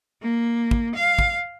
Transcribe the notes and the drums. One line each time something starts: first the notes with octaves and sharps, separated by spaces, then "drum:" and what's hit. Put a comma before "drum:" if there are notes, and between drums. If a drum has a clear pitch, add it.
A#3
drum: kick
F5
drum: kick